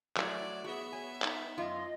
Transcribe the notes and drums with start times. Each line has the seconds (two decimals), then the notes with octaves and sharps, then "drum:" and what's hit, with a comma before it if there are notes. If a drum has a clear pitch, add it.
0.17 F#3 A3 E4 D5, drum: clap
0.64 B3 F#4 G#4 E5
0.93 C#5 G#5
1.22 D#4, drum: clap
1.58 F#2 F4 D#5